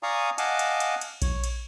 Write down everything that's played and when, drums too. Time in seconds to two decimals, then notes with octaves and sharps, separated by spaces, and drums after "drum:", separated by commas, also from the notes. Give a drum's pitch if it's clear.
0.03 D5 F5 G#5 A#5 C#6 D#6
0.38 D#5 F5 F#5 G#5 A5 D6, drum: cymbal
0.59 drum: cymbal
0.80 drum: cymbal
1.01 drum: cymbal
1.22 C#5, drum: kick A#1, cymbal
1.44 drum: cymbal